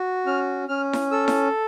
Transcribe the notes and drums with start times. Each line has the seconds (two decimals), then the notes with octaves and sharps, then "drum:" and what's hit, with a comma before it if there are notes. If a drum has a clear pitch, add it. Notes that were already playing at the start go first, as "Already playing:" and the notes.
Already playing: F#4
0.26 C#4 F6
0.68 C#4 F6
0.93 drum: snare E4
1.12 A4 E6
1.28 drum: snare E4